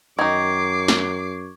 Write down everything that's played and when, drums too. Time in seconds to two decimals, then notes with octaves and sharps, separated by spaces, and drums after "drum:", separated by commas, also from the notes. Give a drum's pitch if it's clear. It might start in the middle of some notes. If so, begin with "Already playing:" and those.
0.19 F#2 D#3 D#4 C#6 D6 G#6 C7
0.88 drum: snare